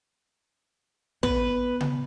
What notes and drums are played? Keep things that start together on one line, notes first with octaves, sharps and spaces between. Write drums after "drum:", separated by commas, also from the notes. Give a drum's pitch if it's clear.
B3 B4, drum: kick
drum: tom C#3